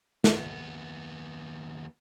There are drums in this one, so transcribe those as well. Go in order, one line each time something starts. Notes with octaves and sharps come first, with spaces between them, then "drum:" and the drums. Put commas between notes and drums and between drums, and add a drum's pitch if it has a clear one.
D#2 B3, drum: snare